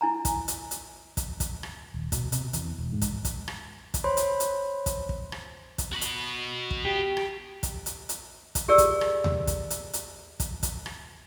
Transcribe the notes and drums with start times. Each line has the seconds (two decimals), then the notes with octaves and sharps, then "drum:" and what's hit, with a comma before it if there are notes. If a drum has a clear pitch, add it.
0.01 E4 G#5 A#5
0.25 drum: kick, hi-hat
0.48 drum: hi-hat
0.71 drum: hi-hat
1.17 drum: kick, hi-hat
1.40 drum: kick, hi-hat
1.63 drum: rim click
1.94 D#1
2.12 B2, drum: kick, hi-hat
2.32 C3, drum: hi-hat
2.53 E2, drum: hi-hat
2.78 E1
2.92 G#2
3.02 drum: kick, hi-hat
3.25 drum: kick, hi-hat
3.48 drum: rim click
3.94 drum: kick, hi-hat
4.04 C5 C#5 B5 C6
4.17 drum: hi-hat
4.40 drum: hi-hat
4.86 drum: kick, hi-hat
5.09 drum: kick
5.32 drum: rim click
5.78 drum: kick, hi-hat
5.92 F#4 B5
6.01 drum: hi-hat
6.71 drum: kick
6.85 G4
7.17 drum: rim click
7.63 drum: kick, hi-hat
7.86 drum: hi-hat
8.09 drum: hi-hat
8.55 drum: kick, hi-hat
8.68 G4 G#4 A#4 D5 E6
8.78 drum: kick, hi-hat
9.01 drum: rim click
9.24 drum: tom D#2
9.47 drum: kick, hi-hat
9.70 drum: hi-hat
9.93 drum: hi-hat
10.40 drum: kick, hi-hat
10.63 drum: kick, hi-hat
10.86 drum: rim click